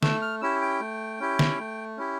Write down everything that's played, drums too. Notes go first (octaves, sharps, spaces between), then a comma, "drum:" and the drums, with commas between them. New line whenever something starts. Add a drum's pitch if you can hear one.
A3 E6, drum: snare
F6
C#4 E4 G4 E6
G5
A3
C#4 E4 G4
drum: snare
A3
C#4 E4 G4